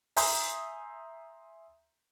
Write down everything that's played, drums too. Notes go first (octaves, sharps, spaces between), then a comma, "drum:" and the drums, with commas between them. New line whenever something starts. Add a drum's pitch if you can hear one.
E5 G#5 A#5 C6 D#6 G6, drum: open hi-hat